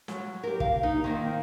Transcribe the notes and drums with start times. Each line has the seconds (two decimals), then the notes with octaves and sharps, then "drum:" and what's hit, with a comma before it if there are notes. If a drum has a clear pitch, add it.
0.08 F#3, drum: snare
0.43 G4 A#4
0.60 F5, drum: kick
0.83 D#4
1.04 D#3 A#3 C4